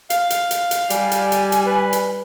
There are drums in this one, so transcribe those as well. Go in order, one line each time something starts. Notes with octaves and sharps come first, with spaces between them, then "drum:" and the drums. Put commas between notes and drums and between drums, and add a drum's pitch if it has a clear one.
F5, drum: hi-hat
drum: hi-hat
drum: hi-hat
drum: hi-hat
G3 G#5, drum: hi-hat
drum: hi-hat
drum: hi-hat
drum: hi-hat
B4
drum: hi-hat